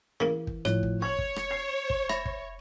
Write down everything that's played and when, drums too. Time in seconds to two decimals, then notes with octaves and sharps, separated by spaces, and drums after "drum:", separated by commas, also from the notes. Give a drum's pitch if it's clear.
0.20 C#3 E3 A#3
0.47 drum: kick
0.65 A2 F3 C#5, drum: rim click
0.83 drum: kick
1.02 C#5 C#6 G#6
1.18 drum: kick
1.36 drum: rim click
1.51 C7
1.90 drum: kick
2.09 E5 B5 A#6, drum: rim click
2.25 drum: kick